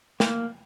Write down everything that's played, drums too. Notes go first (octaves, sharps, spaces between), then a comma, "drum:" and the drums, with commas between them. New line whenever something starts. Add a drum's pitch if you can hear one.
A#3, drum: snare